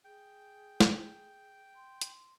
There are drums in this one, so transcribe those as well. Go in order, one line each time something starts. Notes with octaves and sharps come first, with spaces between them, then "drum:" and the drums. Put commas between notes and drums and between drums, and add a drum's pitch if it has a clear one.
G#4 G5
drum: snare
C6
drum: hi-hat